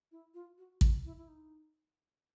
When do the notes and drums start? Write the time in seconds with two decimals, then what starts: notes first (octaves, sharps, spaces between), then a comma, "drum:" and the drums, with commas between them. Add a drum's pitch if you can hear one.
0.11 E4
0.34 F4
0.58 F#4
0.81 F4, drum: kick
1.05 E4
1.18 E4
1.28 D#4